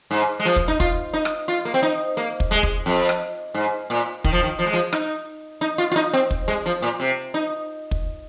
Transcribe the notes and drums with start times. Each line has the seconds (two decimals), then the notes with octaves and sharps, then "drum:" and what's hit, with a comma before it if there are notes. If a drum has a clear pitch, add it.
0.11 G#2
0.39 G#3
0.45 F3
0.56 drum: kick
0.68 D#4
0.80 F4, drum: kick
1.14 D#4
1.25 drum: rim click
1.48 F4
1.65 A#3
1.74 C4
1.83 D#4
2.17 A#3
2.40 drum: kick
2.51 G#3
2.63 drum: kick
2.86 F2
3.09 drum: rim click
3.54 G#2
3.90 A#2
4.24 D#3, drum: kick
4.33 F3
4.43 D#3
4.59 F3
4.66 G#3
4.73 F3
4.93 D#4, drum: rim click
5.61 D#4
5.78 F4
5.92 F4
5.96 D#4
6.13 C4
6.31 drum: kick
6.48 G#3
6.66 F3
6.82 A#2
7.00 C3
7.34 D#4
7.91 drum: kick